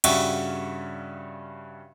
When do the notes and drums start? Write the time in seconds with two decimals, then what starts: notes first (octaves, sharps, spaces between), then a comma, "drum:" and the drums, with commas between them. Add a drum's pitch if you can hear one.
0.04 G2 C#3 F#4 E5 C#6, drum: cymbal